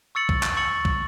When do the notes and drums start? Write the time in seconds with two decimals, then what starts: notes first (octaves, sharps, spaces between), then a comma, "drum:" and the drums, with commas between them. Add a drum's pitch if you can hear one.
0.15 C#6 E6 A6 C#7 F#7
0.29 drum: kick
0.43 drum: clap
0.57 C#6 E6 A6 C#7 F#7
0.85 drum: kick